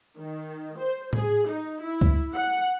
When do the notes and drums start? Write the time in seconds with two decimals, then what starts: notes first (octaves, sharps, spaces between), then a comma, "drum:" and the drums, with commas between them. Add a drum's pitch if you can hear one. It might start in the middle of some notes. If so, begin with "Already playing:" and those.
0.18 D#3
0.78 C5
1.13 G#4, drum: tom A2
1.46 D#4
1.82 E4
2.01 drum: kick C#2
2.33 F#5